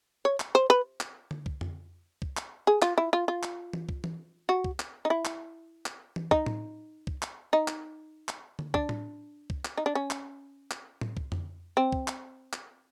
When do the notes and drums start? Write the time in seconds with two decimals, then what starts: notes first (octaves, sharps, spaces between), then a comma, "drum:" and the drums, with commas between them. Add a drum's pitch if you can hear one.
0.25 C#5
0.40 drum: clap
0.55 C5
0.70 B4
1.00 drum: clap
1.31 drum: tom D3
1.46 drum: kick
1.61 drum: tom F2
2.22 drum: kick
2.37 drum: clap
2.67 G#4
2.82 F4, drum: clap
2.98 E4
3.13 F4
3.28 F4
3.43 drum: clap
3.73 drum: tom E3
3.89 drum: kick
4.04 drum: tom E3
4.49 F#4
4.64 drum: kick
4.80 drum: clap
5.05 D#4
5.10 E4
5.25 drum: clap
5.86 drum: clap
6.16 drum: tom E3
6.31 D#4, drum: kick
6.46 drum: tom A2
7.07 drum: kick
7.22 drum: clap
7.53 D#4
7.68 drum: clap
8.28 drum: clap
8.59 drum: tom D3
8.74 D4, drum: kick
8.89 drum: tom A2
9.50 drum: kick
9.65 drum: clap
9.77 D#4
9.86 D4
9.95 C#4
10.10 drum: clap
10.71 drum: clap
11.01 drum: tom A2
11.17 drum: kick
11.32 drum: tom F2
11.77 C4
11.92 drum: kick
12.08 drum: clap
12.53 drum: clap